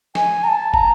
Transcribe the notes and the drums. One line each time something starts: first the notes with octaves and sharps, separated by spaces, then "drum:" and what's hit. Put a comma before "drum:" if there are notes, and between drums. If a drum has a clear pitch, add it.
G#5, drum: snare
A#5
A5
A#5, drum: kick